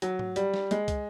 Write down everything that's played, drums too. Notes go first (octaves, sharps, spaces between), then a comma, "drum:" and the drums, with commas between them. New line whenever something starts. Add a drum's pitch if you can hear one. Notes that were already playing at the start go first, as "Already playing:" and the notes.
F#3, drum: hi-hat
drum: tom G#2
G3, drum: hi-hat
drum: snare
G#3, drum: hi-hat
drum: kick, hi-hat